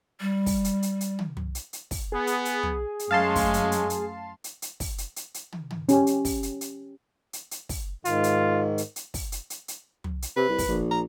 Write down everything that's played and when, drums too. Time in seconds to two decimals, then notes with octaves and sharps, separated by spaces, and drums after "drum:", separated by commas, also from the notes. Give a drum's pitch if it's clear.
0.21 G3
0.46 drum: kick, open hi-hat
0.64 drum: hi-hat
0.83 drum: hi-hat
1.01 drum: hi-hat
1.19 drum: tom
1.37 drum: tom
1.55 drum: hi-hat
1.73 drum: hi-hat
1.91 drum: kick, open hi-hat
2.12 B3 G#4
2.27 drum: hi-hat
2.45 drum: hi-hat
2.63 drum: tom
2.99 drum: hi-hat
3.11 F#2 G#3 A3 C#4 F5 A5 C6
3.36 drum: kick, open hi-hat
3.54 drum: hi-hat
3.72 drum: hi-hat
3.90 drum: hi-hat
4.44 drum: hi-hat
4.62 drum: hi-hat
4.80 drum: kick, open hi-hat
4.98 drum: hi-hat
5.16 drum: hi-hat
5.34 drum: hi-hat
5.52 drum: tom
5.71 drum: tom
5.89 C#4 G4, drum: hi-hat
6.07 drum: hi-hat
6.25 drum: kick, open hi-hat
6.43 drum: hi-hat
6.61 drum: hi-hat
7.33 drum: hi-hat
7.51 drum: hi-hat
7.69 drum: kick, open hi-hat
8.05 G#2 D#3 F4, drum: hi-hat
8.24 drum: hi-hat
8.78 drum: hi-hat
8.96 drum: hi-hat
9.14 drum: kick, open hi-hat
9.32 drum: hi-hat
9.50 drum: hi-hat
9.68 drum: hi-hat
10.04 drum: tom
10.22 drum: hi-hat
10.37 C3 B4
10.49 C2
10.59 drum: kick, open hi-hat
10.68 A#1
10.91 A#5